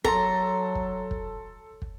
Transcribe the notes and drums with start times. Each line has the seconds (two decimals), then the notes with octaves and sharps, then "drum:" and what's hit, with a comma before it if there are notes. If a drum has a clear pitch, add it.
0.04 F#3 A4 A#5 C6, drum: kick
0.75 drum: kick
1.11 drum: kick
1.82 drum: kick